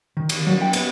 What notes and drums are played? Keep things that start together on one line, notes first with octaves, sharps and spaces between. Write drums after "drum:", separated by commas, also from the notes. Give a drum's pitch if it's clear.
D#3
drum: cymbal
F#3
G5
B3, drum: cymbal